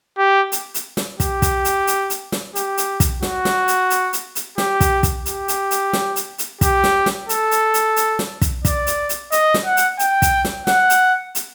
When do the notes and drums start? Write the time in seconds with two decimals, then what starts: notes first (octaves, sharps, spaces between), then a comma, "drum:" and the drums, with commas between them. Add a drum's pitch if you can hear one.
0.18 G4
0.52 drum: hi-hat
0.74 drum: hi-hat
0.97 drum: snare
1.20 G4, drum: kick, hi-hat
1.42 drum: kick, hi-hat
1.65 drum: hi-hat
1.87 drum: hi-hat
2.10 drum: hi-hat
2.32 drum: snare
2.55 G4, drum: hi-hat
2.77 drum: hi-hat
3.00 drum: kick, hi-hat
3.22 F#4, drum: snare
3.45 drum: snare
3.68 drum: hi-hat
3.90 drum: hi-hat
4.13 drum: hi-hat
4.35 drum: hi-hat
4.58 G4, drum: snare
4.80 drum: kick, hi-hat
5.03 drum: kick, hi-hat
5.26 G4, drum: hi-hat
5.48 drum: hi-hat
5.71 drum: hi-hat
5.93 drum: snare
6.16 drum: hi-hat
6.38 drum: hi-hat
6.61 G4, drum: kick, hi-hat
6.84 drum: snare
7.06 drum: snare
7.29 A4, drum: hi-hat
7.51 drum: hi-hat
7.74 drum: hi-hat
7.96 drum: hi-hat
8.19 drum: snare
8.41 drum: kick, hi-hat
8.65 D5, drum: kick, hi-hat
8.87 drum: hi-hat
9.09 drum: hi-hat
9.32 D#5, drum: hi-hat
9.54 drum: snare
9.66 F#5
9.77 drum: hi-hat
9.99 G5, drum: hi-hat
10.22 drum: kick, hi-hat
10.45 drum: snare
10.67 F#5, drum: snare
10.90 drum: hi-hat
11.35 drum: hi-hat